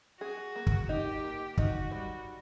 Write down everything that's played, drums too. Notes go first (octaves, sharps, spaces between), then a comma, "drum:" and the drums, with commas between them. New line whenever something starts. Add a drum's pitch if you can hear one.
F#4 G#4
A#3
drum: kick
D#4 G4
A#3
D#4 F#4, drum: kick
G3